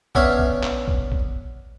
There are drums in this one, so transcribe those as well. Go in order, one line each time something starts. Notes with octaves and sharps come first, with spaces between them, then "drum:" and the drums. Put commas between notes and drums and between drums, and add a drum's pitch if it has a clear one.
B3 C#4 D4 C#5 E5 F5, drum: kick A#1
drum: kick A#1
drum: clap
drum: kick A#1
drum: kick A#1